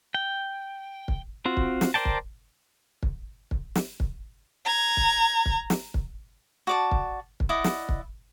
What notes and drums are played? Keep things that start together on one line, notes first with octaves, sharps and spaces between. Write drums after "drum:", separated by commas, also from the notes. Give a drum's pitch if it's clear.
G5
drum: kick
C4 F4 F#4
drum: kick
drum: snare
A#4 C5 D5 G5 A5
drum: kick
drum: kick
drum: kick
drum: snare
drum: kick
A#5 G#6
drum: kick
drum: kick
drum: snare
drum: kick
F#4 D5 A5
drum: kick
drum: kick
E4 D5 D#5 F#5
drum: snare
drum: kick